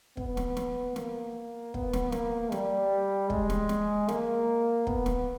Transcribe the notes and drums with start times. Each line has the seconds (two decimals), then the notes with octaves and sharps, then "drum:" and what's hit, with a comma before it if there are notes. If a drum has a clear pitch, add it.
0.17 B3, drum: kick
0.37 drum: snare
0.57 drum: snare
0.96 A#3, drum: snare
1.74 B3, drum: kick
1.93 drum: snare
2.12 A#3, drum: snare
2.52 G3, drum: snare
3.30 G#3, drum: kick
3.50 drum: snare
3.69 drum: snare
4.09 A#3, drum: snare
4.87 B3, drum: kick
5.06 drum: snare